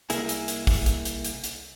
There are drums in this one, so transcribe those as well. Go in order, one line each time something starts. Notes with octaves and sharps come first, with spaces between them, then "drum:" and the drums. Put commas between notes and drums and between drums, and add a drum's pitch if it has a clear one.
C2 A#3 E4 G#4, drum: hi-hat
drum: hi-hat
drum: hi-hat
drum: kick, open hi-hat
drum: hi-hat
drum: hi-hat
drum: hi-hat
drum: hi-hat